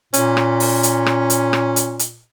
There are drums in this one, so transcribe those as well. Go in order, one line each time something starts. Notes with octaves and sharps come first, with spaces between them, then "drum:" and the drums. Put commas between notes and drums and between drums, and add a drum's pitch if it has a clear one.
A#2 C#4, drum: hi-hat
drum: rim click
drum: open hi-hat
drum: hi-hat
drum: rim click
drum: hi-hat
drum: rim click
drum: hi-hat
drum: hi-hat